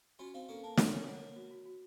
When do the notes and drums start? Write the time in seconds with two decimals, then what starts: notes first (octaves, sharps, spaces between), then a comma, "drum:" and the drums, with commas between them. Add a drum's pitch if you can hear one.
0.19 C#4 F4 F#4
0.34 C4 D#4 F5
0.48 A#3 C#4 A4
0.63 A#3 A5
0.77 A3 C4 C#5, drum: snare
0.93 A#3 C#4 C#5
1.07 A#3 F#5
1.22 C#5
1.36 F#4
1.51 F#4
1.66 F#4